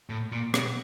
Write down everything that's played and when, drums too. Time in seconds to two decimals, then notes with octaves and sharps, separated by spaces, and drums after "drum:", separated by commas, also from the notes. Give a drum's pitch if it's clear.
0.09 A2
0.32 A#2
0.54 B2, drum: rim click